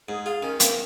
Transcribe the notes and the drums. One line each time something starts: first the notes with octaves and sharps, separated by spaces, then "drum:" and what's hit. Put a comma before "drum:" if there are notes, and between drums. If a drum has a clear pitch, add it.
G#2 G#4
F4 G#4
D#3 C#4
A#3 C4, drum: hi-hat